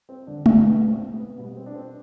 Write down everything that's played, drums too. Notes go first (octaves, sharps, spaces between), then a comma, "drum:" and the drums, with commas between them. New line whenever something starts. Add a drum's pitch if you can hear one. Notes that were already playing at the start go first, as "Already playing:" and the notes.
C4
D3 D4
D3 D4, drum: tom G#3
B2 G3 B3
C4
B3
B2 G3 B3
C4
D4
C4